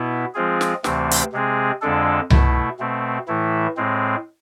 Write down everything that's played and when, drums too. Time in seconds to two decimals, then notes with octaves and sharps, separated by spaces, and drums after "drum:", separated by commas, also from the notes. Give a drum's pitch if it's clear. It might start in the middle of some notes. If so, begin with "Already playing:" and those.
Already playing: B2 B3 E4
0.34 F3 G#3 C4 F4 G#4
0.61 drum: snare
0.84 D2 C3 E3 A3 C4, drum: snare
1.11 drum: hi-hat
1.32 C3 G#3 C4 G#4
1.82 F2 D3 G#3 D4 A4
2.30 B2 A3 E4, drum: tom C2
2.79 B2 A3 C4
3.28 A2 E3 A3 E4
3.77 A2 G#3 C4